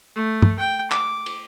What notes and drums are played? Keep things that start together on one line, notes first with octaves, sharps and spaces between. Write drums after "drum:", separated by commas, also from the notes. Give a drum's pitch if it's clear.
A3
drum: tom
G5
D6, drum: clap
drum: cymbal